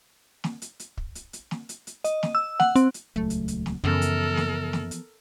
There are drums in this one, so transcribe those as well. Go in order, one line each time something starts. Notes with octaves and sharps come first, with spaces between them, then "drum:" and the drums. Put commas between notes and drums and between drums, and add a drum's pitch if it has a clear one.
drum: snare
drum: hi-hat
drum: hi-hat
drum: kick
drum: hi-hat
drum: hi-hat
drum: snare
drum: hi-hat
drum: hi-hat
D#5, drum: hi-hat
drum: snare
E6
F#5, drum: snare
C4, drum: hi-hat
drum: hi-hat
D#1 C#2 F#3 A3
drum: hi-hat
drum: hi-hat
drum: snare
F#2 C#3 E3 F3 B3 A4 A#4
drum: hi-hat
drum: snare
drum: snare
drum: hi-hat